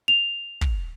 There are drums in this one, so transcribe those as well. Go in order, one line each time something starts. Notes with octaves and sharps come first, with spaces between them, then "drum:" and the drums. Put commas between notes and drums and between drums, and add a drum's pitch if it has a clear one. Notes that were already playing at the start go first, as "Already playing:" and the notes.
F7
drum: kick